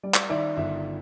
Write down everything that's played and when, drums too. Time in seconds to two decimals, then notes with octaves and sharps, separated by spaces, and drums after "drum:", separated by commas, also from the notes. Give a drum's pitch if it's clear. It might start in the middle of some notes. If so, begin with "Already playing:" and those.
0.03 G3 D5
0.14 drum: clap
0.30 D#3 D5 E5
0.57 G1 D5 E5